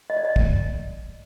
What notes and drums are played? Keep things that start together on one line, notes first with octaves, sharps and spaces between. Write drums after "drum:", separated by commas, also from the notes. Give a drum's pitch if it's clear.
D#5
D5
D#5
drum: kick